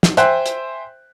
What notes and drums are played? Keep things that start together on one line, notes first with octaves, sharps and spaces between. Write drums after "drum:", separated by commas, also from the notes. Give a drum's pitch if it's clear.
drum: snare
C5 E5 G5 G#5 F#6, drum: hi-hat
drum: hi-hat